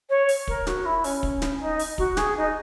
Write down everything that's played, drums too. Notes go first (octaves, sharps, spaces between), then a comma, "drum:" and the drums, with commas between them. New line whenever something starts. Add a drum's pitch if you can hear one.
C#5
drum: open hi-hat
A#4, drum: kick
F#4, drum: snare
E4
C#4, drum: open hi-hat
drum: kick
drum: snare
D#4
drum: open hi-hat
F#4, drum: kick
G#4, drum: snare
D#4